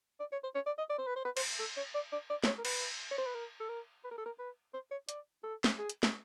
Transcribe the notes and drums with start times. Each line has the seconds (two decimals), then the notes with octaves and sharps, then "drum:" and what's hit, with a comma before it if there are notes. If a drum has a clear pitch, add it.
0.20 D5
0.32 C#5
0.44 C5
0.55 C#5
0.66 D5
0.78 D#5
0.90 D5
0.99 C5
1.07 B4
1.16 C5
1.25 B4
1.37 C5, drum: cymbal
1.59 A4
1.77 C#5
1.95 D5
2.12 D5
2.30 D5
2.44 C5, drum: snare
2.46 C#5
2.58 A#4
2.65 B4, drum: cymbal
3.11 C#5
3.18 C5
3.26 B4
3.35 A#4
3.60 A4
3.69 A#4
4.04 B4
4.11 A#4
4.18 A4
4.26 A#4
4.39 B4
4.74 C5
4.91 C#5
5.09 D5, drum: hi-hat
5.43 A4
5.64 drum: snare
5.78 G#4
5.89 drum: hi-hat
6.03 drum: snare